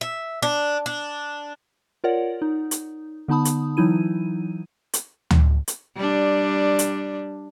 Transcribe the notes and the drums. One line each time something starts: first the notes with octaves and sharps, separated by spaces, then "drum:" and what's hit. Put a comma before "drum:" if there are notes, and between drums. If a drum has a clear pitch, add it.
E5
D4
D4
F4 A#4 C#5 D5 F#5
D#4
drum: hi-hat
D3 B3 D#4 A5 B5 D#6
drum: hi-hat
E3 F#3 D#4 E4 D#7
drum: hi-hat
drum: tom D2
drum: hi-hat
G3 D4
drum: hi-hat